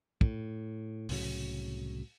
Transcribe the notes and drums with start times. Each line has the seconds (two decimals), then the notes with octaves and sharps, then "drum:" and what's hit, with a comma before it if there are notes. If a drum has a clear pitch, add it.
0.21 A2, drum: kick
1.09 C2 A2 C#3 F#3, drum: open hi-hat